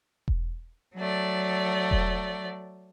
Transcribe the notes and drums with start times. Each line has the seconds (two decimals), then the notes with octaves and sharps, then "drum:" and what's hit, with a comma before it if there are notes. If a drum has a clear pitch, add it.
0.28 drum: kick E1
0.96 F#3 A3 D5
1.91 drum: kick E1